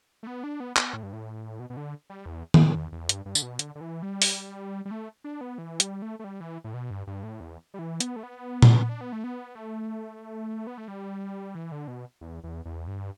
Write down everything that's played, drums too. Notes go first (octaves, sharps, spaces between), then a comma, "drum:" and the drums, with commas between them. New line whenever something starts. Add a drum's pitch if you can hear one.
A3
B3
D4
B3
B3, drum: clap
A2
G2
A2
B2
B2
D3
G3
E2
G2, drum: tom D#3
A2
E2
E2
G2, drum: hi-hat
G2
D3, drum: tambourine
B2
D3, drum: hi-hat
D3
E3
G3
drum: open hi-hat
G3
A3
D4
B3
E3
G3, drum: hi-hat
A3
A3
G3
E3
A2
B2
G2
G2
A2
E2
G3
E3
B3, drum: hi-hat
A3
B3
drum: tom A#2
D4
B3
A3
B3
A3
B3
A3
G3
E3
D3
B2
E2
E2
E2
G2